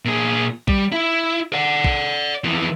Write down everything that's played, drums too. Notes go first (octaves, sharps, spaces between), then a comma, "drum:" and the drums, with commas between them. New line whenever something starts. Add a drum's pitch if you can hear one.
A#2 G#4
G3, drum: kick
E4
D5 F#5
drum: kick
F2 E3